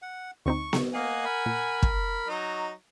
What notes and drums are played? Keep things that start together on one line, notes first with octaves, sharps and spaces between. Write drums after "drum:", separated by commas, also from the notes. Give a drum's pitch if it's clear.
F#5
D2 C4 D#4 C#6
drum: snare B3
A#3 D#5 F5 F#5 G#5
A#4 B5
A#2
drum: kick
F#3 D#4